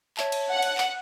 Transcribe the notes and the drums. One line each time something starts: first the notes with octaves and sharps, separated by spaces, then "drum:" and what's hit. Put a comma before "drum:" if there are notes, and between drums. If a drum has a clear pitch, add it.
C#5 E5 A5, drum: clap
drum: cymbal
F#5
drum: cymbal
drum: clap